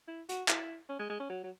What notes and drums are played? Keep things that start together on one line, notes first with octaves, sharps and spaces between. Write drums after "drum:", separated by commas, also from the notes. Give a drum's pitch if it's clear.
E4
F#4, drum: hi-hat
E4, drum: clap
C#4
G#3
G#3
C#4
F#3
F#3